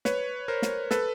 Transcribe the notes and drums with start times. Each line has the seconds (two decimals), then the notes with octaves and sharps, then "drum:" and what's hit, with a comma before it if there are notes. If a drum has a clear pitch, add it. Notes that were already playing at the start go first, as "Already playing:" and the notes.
0.05 B4 C#5, drum: snare
0.48 A#4 C5
0.62 drum: snare
0.91 A4 B4, drum: snare